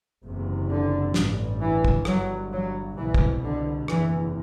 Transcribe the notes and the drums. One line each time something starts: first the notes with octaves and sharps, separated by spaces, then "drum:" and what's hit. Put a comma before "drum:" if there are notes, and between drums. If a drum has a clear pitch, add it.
F#1 E2 C3
D3
A1 G2, drum: snare
E3
drum: kick
G1 G2 F#3, drum: rim click
F#3
C2 B2 E3
drum: kick
D3
F#1 E2 C3 E3, drum: rim click